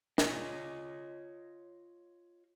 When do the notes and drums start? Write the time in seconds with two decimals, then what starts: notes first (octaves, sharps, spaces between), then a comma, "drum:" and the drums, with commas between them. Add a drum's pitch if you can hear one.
0.18 F4 C#5 D#5, drum: snare